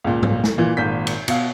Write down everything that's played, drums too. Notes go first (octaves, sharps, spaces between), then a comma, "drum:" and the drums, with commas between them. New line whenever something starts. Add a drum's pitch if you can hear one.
C#2 A#2
drum: tom G#2
drum: snare
A#2 E3
G#1 A#2 G6 B6
drum: cymbal
B2 F5, drum: cymbal